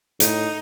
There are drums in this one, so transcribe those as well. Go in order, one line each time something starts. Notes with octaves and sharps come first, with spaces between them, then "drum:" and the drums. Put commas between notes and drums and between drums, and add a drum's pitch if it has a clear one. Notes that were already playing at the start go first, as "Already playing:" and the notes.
A2 D#4, drum: hi-hat